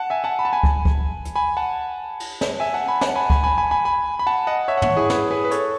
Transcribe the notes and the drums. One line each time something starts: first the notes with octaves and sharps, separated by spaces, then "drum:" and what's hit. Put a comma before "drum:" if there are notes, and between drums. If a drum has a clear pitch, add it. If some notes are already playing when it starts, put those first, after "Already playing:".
Already playing: F#5 A5
E5 G#5
F#5 A5
B5
A5
G#5 B5
drum: kick
drum: kick
drum: hi-hat
G#5 B5
F#5 A5
drum: cymbal
drum: snare
E5 G#5
F#5 A5
G#5 B5
F#5 A5, drum: snare
G#5 B5
G#5 B5, drum: kick
G#5 B5
G#5 B5
G#5 B5
G#5 B5
B5
F#5 A5
D#5 F#5
C#5 E5
F#5
C#5 E5, drum: tom
E4 G#4
G#4 B4, drum: snare
G#4 B4
B4
A4 C#5, drum: hi-hat